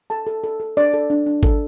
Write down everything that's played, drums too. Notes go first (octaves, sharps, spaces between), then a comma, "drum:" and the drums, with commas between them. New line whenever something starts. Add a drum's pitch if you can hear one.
A4 A5
A4
A4
A4
D4 D5
A4
D4
D4
A4, drum: kick G#1